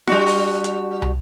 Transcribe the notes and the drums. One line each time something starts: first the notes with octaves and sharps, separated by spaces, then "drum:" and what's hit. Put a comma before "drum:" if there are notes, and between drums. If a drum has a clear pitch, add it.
G3 D4 F#4, drum: snare
drum: open hi-hat
drum: hi-hat
drum: tom